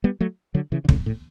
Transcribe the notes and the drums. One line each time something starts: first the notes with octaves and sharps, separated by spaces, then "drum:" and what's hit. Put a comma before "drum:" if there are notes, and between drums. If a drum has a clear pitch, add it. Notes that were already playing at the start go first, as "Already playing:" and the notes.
G3 B3
F#3 A3
D3 F#3
C#3 E3
D3
A2 C#3, drum: kick
A2